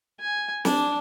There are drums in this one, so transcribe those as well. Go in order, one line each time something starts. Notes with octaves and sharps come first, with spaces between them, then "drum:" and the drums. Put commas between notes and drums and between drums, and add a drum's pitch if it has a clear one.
G#5
D4, drum: snare